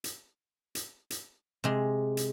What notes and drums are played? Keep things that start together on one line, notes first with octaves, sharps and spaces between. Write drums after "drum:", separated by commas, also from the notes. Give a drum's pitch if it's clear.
drum: hi-hat
drum: hi-hat
drum: hi-hat
C3 G#3
drum: hi-hat